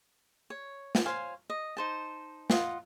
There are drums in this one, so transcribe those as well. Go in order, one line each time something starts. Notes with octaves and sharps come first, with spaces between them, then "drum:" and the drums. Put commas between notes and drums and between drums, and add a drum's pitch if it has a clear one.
C#5
drum: snare
C5 C#5 F5 G#5
D#5
D#4 C5 A5
F4 D#5 F#5, drum: snare